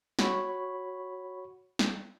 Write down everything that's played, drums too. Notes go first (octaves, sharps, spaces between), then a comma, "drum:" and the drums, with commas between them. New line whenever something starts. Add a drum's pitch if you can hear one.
F#4 C#5 B5, drum: snare
drum: snare